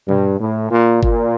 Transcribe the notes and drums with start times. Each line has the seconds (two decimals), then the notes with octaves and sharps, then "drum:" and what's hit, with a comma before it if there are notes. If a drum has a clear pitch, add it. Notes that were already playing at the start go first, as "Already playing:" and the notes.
0.09 G2, drum: tom A#2
0.40 A2
0.71 A#2
1.03 A#2, drum: kick G1